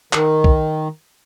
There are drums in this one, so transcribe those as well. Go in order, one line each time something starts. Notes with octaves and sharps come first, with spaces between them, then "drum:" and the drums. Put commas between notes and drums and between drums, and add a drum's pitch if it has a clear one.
D#3, drum: clap
drum: kick